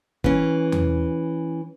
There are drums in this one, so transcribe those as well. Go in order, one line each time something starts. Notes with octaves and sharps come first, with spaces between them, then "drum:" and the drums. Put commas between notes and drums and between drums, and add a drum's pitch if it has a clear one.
E3 C#4, drum: kick G1
drum: tom E2